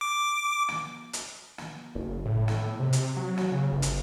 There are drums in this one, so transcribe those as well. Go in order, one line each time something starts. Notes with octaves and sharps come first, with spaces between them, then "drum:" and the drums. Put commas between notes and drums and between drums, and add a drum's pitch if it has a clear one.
D6
drum: snare
drum: hi-hat
drum: snare
F#1
A2
drum: snare
C3
drum: hi-hat
F#3
drum: snare
C#3
G1
drum: hi-hat